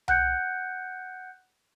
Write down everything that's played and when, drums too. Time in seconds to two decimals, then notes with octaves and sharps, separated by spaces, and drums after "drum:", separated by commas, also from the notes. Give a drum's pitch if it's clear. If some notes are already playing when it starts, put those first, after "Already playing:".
0.08 F#5 F#6 G6 C#7, drum: tom C2